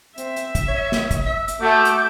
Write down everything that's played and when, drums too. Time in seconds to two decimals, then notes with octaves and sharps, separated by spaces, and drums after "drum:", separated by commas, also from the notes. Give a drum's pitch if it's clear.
0.18 C4 E5, drum: hi-hat
0.36 drum: hi-hat
0.55 drum: kick, hi-hat
0.68 C#5
0.92 drum: snare
1.11 drum: kick, hi-hat
1.26 E5
1.48 drum: hi-hat
1.61 A3 F#4 A5 D6 G6
1.85 drum: hi-hat